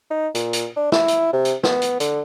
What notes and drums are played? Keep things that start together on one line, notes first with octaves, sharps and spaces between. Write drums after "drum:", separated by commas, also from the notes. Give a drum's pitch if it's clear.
D#4
A#2, drum: hi-hat
drum: hi-hat
D4
E4, drum: snare
drum: hi-hat
C3
drum: hi-hat
B3, drum: snare
drum: hi-hat
D3, drum: hi-hat